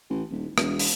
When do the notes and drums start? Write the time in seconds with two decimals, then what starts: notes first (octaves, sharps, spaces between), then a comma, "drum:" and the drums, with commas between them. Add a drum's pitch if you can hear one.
0.10 A1
0.31 D#1
0.58 E1, drum: rim click
0.79 drum: open hi-hat